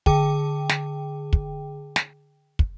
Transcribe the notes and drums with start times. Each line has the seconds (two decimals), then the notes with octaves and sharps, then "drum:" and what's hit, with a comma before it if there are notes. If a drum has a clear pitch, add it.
0.06 D3 G#4 G5, drum: kick
0.69 drum: snare
1.33 drum: kick
1.96 drum: snare
2.59 drum: kick